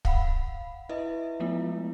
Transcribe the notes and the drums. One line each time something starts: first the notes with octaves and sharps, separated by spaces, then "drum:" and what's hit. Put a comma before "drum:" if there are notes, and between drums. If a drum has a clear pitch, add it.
F5 F#5 B5, drum: kick
E4 B4 D#5 E5
F3 G#3 A3 B3 E4 F4